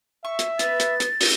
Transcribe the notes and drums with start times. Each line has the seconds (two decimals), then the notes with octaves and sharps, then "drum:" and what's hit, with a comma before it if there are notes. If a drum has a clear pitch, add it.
0.25 E5 C#6
0.39 drum: hi-hat
0.59 B3 B4 A6, drum: hi-hat
0.80 drum: hi-hat
1.00 drum: hi-hat
1.21 drum: open hi-hat